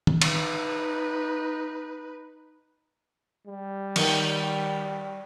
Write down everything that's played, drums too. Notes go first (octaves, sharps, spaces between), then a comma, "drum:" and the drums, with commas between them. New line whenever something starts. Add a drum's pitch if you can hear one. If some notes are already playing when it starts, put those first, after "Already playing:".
drum: tom
D#4 B4, drum: cymbal
G3
D#3, drum: cymbal